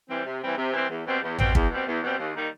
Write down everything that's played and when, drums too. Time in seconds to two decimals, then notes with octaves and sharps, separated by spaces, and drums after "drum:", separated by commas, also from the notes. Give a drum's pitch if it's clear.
0.09 E3 G3 C4
0.26 C3
0.42 E3 G3 C4
0.58 C3
0.74 E3 G3 C4
0.90 E2
1.06 B2 G3 C4
1.22 E2
1.38 B2 G3 C4, drum: tom A1
1.55 E2, drum: kick
1.70 B2 G3 C4
1.87 E2
2.03 B2 G3 C4
2.19 D#2
2.35 D#3 G3 A#3 D#4